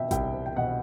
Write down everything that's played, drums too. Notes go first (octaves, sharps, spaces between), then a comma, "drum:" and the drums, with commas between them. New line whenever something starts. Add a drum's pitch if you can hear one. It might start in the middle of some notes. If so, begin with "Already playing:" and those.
Already playing: B2 E5 G5
C2 E5 G5, drum: kick A1, hi-hat
G5
B2 D#5 F#5